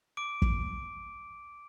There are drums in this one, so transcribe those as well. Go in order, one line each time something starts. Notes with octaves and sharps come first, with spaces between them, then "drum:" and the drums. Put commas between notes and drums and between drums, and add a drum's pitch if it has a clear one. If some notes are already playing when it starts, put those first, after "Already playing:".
D6 D7
drum: kick